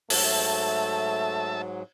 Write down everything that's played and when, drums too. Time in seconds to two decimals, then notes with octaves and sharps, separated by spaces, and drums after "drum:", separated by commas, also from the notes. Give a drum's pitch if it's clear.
0.10 G#2 F#3 A3 E5 A5, drum: open hi-hat